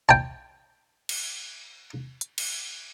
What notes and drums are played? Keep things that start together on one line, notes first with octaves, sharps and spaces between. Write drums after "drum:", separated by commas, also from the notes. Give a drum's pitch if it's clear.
G5 A5
drum: cymbal
drum: hi-hat
drum: cymbal